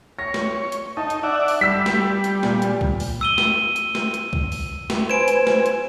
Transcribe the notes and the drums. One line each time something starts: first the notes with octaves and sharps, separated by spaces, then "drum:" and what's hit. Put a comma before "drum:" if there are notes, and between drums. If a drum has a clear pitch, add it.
C#5 A#6
drum: snare
drum: hi-hat
D#4 A5
drum: hi-hat
D5 E5 F#5
drum: open hi-hat
G3 E6 B6
drum: snare
drum: hi-hat
A#2, drum: snare
drum: hi-hat
drum: kick
drum: open hi-hat
E6 D#7 G7
drum: snare
drum: hi-hat
drum: snare
drum: hi-hat
drum: kick
drum: open hi-hat
drum: snare
B4 C5 G#5 D7 E7
drum: hi-hat
drum: snare
drum: hi-hat